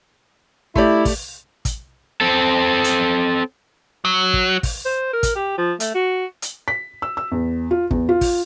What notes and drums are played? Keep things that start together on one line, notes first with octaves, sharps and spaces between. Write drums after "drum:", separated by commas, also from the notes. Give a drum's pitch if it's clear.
A3 E4 G4 D5, drum: kick
drum: kick, open hi-hat
drum: kick, hi-hat
C4 A4
drum: hi-hat
F#3
drum: kick
drum: kick, open hi-hat
C5
A#4
drum: kick, hi-hat
G4
F3
A3, drum: hi-hat
F#4
drum: hi-hat
B6
E6
E6
E2
F4
E2, drum: kick
F4
drum: kick, open hi-hat